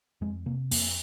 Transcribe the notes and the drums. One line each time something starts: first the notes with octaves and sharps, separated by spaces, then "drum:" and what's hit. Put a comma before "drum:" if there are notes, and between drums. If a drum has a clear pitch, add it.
F2 G#3
C3 A#3
F2 A#3, drum: open hi-hat